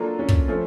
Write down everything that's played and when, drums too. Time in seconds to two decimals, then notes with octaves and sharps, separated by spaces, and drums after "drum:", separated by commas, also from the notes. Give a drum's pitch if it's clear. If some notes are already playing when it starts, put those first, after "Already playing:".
Already playing: F#3 A#3 D4 F4 A4
0.19 C#4
0.29 drum: kick
0.48 F3 A3 C#4